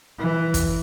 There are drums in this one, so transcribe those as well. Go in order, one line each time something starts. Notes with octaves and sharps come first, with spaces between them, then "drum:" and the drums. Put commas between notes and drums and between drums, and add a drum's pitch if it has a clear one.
E3
drum: kick, hi-hat